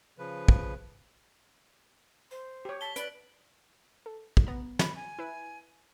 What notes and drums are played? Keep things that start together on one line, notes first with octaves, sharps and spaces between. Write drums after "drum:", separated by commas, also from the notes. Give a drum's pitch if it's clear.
C#3 F3 B4
drum: kick
C5
G4 C#5
A5 B6 G7
B4 D5 D7 F#7, drum: hi-hat
A4
drum: kick
B3 A#5
B5, drum: snare
G#5
E4 B4